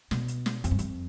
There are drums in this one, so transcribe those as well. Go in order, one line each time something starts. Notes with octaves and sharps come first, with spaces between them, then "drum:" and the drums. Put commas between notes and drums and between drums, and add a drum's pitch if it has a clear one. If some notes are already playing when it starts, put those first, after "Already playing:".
B2, drum: snare
drum: hi-hat
drum: snare
F2, drum: hi-hat
G2
F2, drum: hi-hat